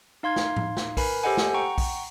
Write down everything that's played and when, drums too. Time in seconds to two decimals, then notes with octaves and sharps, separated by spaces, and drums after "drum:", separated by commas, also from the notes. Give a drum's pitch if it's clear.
0.23 D#4 F5 C6 G#6
0.36 drum: snare
0.57 drum: tom A2
0.77 drum: snare
0.97 A#4 B4 G#5 B5, drum: kick A#1, open hi-hat
1.23 G4 A4 C5 D#5 F#5 G#5
1.37 drum: snare
1.54 F#5 G5 A#5 C#6
1.78 drum: kick A#1, open hi-hat